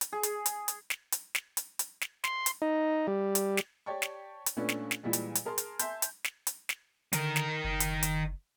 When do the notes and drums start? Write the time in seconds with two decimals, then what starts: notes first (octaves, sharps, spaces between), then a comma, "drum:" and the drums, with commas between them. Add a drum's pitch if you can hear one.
0.01 drum: hi-hat
0.12 G#4
0.23 drum: hi-hat
0.46 drum: hi-hat
0.68 drum: hi-hat
0.90 drum: snare
1.12 drum: hi-hat
1.35 drum: snare
1.57 drum: hi-hat
1.79 drum: hi-hat
2.01 drum: snare
2.24 C6, drum: snare
2.46 drum: hi-hat
2.62 D#4
3.07 G3
3.35 drum: hi-hat
3.57 drum: snare
3.86 G4 C#5 D5 G5 A5 C#6
4.02 drum: snare
4.46 drum: hi-hat
4.56 A#2 A3 B3 C#4 D4
4.69 drum: snare
4.91 drum: snare
5.03 A#2 E3 G3 G#3
5.13 drum: hi-hat
5.35 drum: hi-hat
5.45 G#4 A#4 A5 C6
5.58 drum: hi-hat
5.79 E5 G#5 A5 C6 G6, drum: hi-hat
6.02 drum: hi-hat
6.24 drum: snare
6.47 drum: hi-hat
6.69 drum: snare
7.13 D3 D#3 A#4, drum: hi-hat
7.36 drum: snare
7.64 F#1
7.80 drum: hi-hat
8.03 drum: hi-hat